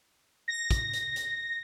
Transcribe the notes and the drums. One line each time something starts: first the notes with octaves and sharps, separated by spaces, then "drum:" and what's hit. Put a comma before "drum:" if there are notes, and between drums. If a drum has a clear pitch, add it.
A#6
drum: kick, hi-hat
drum: hi-hat
drum: hi-hat